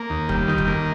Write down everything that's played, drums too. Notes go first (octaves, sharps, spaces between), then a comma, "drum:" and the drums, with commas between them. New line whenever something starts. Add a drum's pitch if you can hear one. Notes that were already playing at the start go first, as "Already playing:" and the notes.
Already playing: A#3
D#2
G3, drum: kick
D#3
drum: kick
A#3